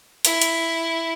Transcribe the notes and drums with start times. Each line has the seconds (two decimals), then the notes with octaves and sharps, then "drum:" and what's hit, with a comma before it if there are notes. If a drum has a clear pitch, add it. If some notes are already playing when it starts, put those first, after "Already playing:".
0.25 E4, drum: hi-hat
0.42 drum: hi-hat